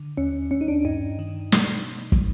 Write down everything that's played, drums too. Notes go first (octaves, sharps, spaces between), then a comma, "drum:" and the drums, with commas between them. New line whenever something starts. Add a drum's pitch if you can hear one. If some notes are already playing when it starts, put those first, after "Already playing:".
Already playing: D3
D#2 C#4
D#2 C#4
D#4
D4
G2 D#4
D#3
B2, drum: snare
drum: kick